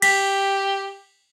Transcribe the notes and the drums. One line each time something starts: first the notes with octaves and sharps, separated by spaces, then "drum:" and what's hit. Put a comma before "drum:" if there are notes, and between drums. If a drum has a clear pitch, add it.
G4 B6, drum: cymbal